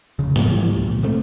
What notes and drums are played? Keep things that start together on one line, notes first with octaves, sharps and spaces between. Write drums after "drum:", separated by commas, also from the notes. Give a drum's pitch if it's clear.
F1 C#3
A2 G#3 A#3 B3, drum: tom G#2
G#2 E3 F3 G3
C#2
C#2 A#2
C2 G#2 A3 C4